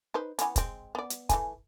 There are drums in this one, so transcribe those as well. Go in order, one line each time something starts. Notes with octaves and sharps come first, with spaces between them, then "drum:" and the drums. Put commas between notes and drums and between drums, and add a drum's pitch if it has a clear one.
D#4 B4 C5
E3 B3 C#4, drum: hi-hat
G#3 C4, drum: kick, hi-hat
B3 D5
drum: hi-hat
E3 A3 G#5, drum: kick, hi-hat